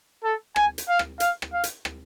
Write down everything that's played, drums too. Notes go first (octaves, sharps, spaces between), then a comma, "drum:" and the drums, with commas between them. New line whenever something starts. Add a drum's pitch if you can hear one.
A4
G#5, drum: rim click
drum: hi-hat
F5
drum: rim click
F5, drum: hi-hat
drum: rim click
F5
drum: hi-hat
drum: rim click